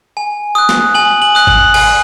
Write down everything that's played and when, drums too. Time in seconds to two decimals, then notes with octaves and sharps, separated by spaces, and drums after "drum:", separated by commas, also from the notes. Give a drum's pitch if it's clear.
0.17 G#5
0.55 D#6 F#6
0.69 drum: snare
0.95 G#5 F#7
1.22 F#7
1.35 D#6 F#6
1.47 F#7, drum: kick G1
1.74 G#5, drum: cymbal